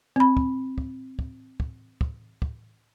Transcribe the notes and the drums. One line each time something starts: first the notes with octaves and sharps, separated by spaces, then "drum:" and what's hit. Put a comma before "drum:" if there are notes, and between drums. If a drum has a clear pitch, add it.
C4 B5
drum: kick
drum: kick
drum: kick
drum: kick
drum: kick
drum: kick